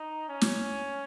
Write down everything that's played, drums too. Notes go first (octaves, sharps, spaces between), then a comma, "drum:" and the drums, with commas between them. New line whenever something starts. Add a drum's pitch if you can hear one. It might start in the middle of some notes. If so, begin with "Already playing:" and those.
Already playing: D#4
C#4
drum: snare